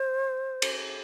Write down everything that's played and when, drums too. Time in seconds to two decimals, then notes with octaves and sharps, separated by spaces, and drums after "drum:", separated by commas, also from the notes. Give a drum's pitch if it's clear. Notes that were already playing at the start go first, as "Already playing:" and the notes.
Already playing: C5
0.62 drum: cymbal